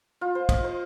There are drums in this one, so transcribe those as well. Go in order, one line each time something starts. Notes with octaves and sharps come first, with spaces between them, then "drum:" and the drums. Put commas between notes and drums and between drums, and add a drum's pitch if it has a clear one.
F4
C5
D#5, drum: kick, cymbal
C5